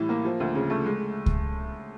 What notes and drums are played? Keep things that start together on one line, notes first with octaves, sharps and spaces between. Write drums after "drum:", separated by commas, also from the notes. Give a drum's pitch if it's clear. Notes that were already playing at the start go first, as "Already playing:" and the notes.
Already playing: A2 E3 G3
A#3
F3
D2
C#3
A3
G#3
drum: kick C#2